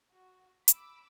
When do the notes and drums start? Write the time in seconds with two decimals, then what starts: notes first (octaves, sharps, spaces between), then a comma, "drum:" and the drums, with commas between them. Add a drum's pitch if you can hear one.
0.12 F#4
0.68 B5 D6 E6, drum: hi-hat